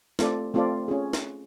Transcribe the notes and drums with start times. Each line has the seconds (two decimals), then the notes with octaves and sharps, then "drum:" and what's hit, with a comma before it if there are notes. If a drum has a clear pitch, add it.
0.19 A3 C4 F4 A4 D5, drum: snare
0.54 A3 C4 F4 A4 D5
0.88 C#4 F4 G#4
1.13 drum: snare